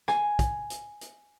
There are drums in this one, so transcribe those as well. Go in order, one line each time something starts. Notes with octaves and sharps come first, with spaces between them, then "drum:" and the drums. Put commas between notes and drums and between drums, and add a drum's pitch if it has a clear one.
G#5, drum: rim click
drum: kick, hi-hat
drum: hi-hat
drum: hi-hat